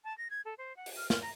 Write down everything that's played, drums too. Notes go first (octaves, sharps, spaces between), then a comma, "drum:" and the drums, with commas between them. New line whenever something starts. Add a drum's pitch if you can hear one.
A5
A#6
G#6
A4
C5
F#5
drum: open hi-hat
F6
F6, drum: snare
A#5